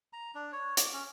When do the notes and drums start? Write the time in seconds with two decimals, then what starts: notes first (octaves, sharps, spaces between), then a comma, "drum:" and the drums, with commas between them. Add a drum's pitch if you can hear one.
0.13 A#5
0.35 D4
0.52 C#5
0.77 D6, drum: hi-hat
0.93 C#4